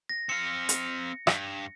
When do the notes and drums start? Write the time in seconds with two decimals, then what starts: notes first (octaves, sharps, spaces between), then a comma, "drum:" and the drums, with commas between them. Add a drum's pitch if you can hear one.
0.09 A#6
0.29 C4 F5 C#7
0.69 drum: hi-hat
1.27 G2, drum: rim click